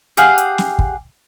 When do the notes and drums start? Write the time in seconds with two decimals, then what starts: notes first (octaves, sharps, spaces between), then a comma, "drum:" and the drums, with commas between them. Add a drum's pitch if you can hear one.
0.17 G4 G#4 F5 F#5, drum: hi-hat
0.38 drum: hi-hat
0.58 drum: snare
0.79 drum: kick